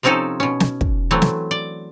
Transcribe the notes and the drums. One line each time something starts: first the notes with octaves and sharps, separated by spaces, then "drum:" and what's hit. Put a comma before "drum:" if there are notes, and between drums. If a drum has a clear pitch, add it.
C3 F3 C4 C#4 D#4 A4
B2 C#4
drum: snare
drum: kick
E3 F#3 A3 C4
drum: snare
D5